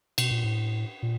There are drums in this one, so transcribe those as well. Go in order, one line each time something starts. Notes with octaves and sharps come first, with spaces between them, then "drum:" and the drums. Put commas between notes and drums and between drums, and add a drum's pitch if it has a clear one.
B2, drum: cymbal
A#2
A2
A#2